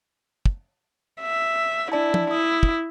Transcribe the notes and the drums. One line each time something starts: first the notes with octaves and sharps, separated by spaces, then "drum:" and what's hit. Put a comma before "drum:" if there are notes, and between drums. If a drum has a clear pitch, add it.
drum: kick
E5
D4 E4 D5 A5
drum: tom
E4 D#6
drum: kick